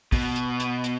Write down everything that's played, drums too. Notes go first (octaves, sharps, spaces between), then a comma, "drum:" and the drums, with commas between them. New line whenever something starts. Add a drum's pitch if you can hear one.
B2, drum: kick, open hi-hat
drum: hi-hat
drum: hi-hat
drum: hi-hat